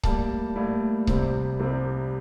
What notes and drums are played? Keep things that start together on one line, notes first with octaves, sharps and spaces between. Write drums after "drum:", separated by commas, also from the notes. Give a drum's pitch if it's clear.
A2 G3 A#3 A5, drum: kick C#1
A2 G3 A#3
C2 C3 G3 C4, drum: kick C#1
C2 C3 G3 C4